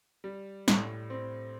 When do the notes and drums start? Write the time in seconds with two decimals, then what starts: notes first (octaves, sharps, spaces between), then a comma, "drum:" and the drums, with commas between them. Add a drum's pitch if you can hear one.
0.24 G3
0.68 A2, drum: snare
1.10 C4